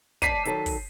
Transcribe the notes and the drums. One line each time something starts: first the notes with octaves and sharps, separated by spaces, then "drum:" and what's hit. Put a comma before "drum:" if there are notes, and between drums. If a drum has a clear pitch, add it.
D5 A5 B6 C7 D#7, drum: kick, hi-hat
D#3 F#3 A4, drum: hi-hat
drum: kick, open hi-hat